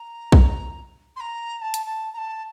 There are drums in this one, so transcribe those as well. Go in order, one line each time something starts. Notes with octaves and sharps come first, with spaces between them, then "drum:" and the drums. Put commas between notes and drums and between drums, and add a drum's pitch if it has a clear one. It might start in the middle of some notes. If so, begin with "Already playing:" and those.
Already playing: A#5
drum: kick B1
C6
A#5
A#5
A5
drum: hi-hat
A5
A#5
A5